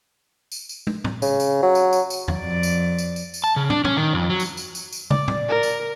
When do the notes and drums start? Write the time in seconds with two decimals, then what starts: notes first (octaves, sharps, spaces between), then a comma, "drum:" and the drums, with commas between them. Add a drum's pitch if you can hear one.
0.52 drum: tambourine
0.69 drum: tambourine
0.87 drum: tom
1.04 drum: tom
1.22 C#3, drum: tambourine
1.40 drum: tambourine
1.63 F#3
1.75 drum: tambourine
1.93 drum: tambourine
2.10 drum: tambourine
2.28 drum: tom E2
2.37 F2 D5
2.63 drum: tambourine
2.98 drum: tambourine
3.16 drum: tambourine
3.34 drum: tambourine
3.44 A5
3.56 C#3
3.70 D4, drum: tom
3.85 C#4, drum: tom
3.97 D#3
4.13 F2
4.29 F#3
4.40 drum: tambourine
4.57 drum: tambourine
4.75 drum: tambourine
4.92 drum: tambourine
5.10 D5, drum: tom
5.28 drum: tom
5.49 A#4
5.63 drum: tambourine